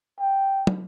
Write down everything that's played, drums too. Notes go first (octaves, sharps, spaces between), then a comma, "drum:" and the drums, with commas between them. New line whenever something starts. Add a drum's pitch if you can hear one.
G5
drum: tom